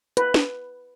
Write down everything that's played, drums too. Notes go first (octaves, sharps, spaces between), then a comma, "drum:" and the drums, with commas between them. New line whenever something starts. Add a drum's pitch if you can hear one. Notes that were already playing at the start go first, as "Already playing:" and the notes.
B4, drum: hi-hat
drum: snare